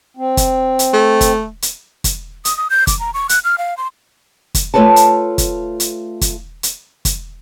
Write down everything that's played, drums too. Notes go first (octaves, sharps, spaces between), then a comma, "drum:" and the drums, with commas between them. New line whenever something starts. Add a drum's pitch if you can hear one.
C4
drum: kick, hi-hat
drum: hi-hat
A3
drum: kick, hi-hat
drum: hi-hat
drum: kick, hi-hat
D#6, drum: hi-hat
D#6
G6
D6, drum: kick, hi-hat
A#5
C#6
F#6, drum: hi-hat
F6
F5
C6
drum: kick, hi-hat
A3 F4 A4 B4 C#5 A5
drum: hi-hat
drum: kick, hi-hat
drum: hi-hat
drum: kick, hi-hat
drum: hi-hat
drum: kick, hi-hat